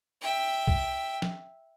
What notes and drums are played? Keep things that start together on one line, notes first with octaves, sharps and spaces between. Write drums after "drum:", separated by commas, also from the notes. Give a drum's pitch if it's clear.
E5 G5
drum: kick C2
drum: snare